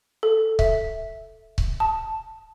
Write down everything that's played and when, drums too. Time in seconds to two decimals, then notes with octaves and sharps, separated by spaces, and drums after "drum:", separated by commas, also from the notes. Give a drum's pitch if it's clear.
0.23 A4
0.59 E5, drum: kick C#1
1.58 drum: kick C#1
1.80 A5